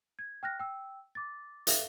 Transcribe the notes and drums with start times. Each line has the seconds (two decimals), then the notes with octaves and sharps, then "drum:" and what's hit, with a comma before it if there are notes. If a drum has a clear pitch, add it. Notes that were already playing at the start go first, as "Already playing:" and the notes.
0.19 G#6
0.43 G5 F6 F#6 A#6
0.59 G5 E6
1.15 D6 A6
1.67 A4 E5 F5, drum: hi-hat